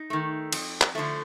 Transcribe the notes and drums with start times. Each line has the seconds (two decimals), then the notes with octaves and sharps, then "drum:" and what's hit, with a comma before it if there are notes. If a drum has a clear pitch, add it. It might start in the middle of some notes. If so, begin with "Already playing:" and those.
Already playing: D#4
0.10 D#3 A3
0.53 F2, drum: cymbal
0.81 drum: clap
0.95 D3 F3 A3